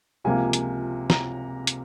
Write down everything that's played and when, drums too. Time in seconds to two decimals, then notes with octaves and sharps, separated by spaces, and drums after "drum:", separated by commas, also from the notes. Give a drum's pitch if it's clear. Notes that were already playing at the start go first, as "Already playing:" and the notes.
0.24 C#2 C3 F3 A#3 G#5
0.53 drum: hi-hat
1.10 A#5, drum: snare
1.67 drum: hi-hat